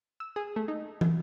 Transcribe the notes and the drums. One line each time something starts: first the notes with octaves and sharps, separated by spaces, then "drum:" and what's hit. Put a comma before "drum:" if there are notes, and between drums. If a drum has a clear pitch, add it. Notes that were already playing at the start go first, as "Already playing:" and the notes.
E6
G#4
A3
D#4
drum: tom